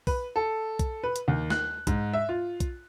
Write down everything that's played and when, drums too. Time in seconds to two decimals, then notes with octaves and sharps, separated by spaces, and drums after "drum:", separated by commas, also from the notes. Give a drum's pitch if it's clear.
0.07 B4, drum: kick B1, open hi-hat
0.36 A4
0.79 drum: kick B1, hi-hat
1.04 B4
1.16 drum: hi-hat
1.28 D#2
1.50 F#6, drum: snare
1.87 G#2, drum: kick B1, hi-hat
2.13 E5
2.29 F4
2.60 drum: kick B1, hi-hat